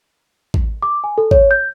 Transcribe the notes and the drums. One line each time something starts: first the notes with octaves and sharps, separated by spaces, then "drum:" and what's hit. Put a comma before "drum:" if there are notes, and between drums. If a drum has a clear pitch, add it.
drum: kick
D6
G#5
A4
C#5, drum: kick
G6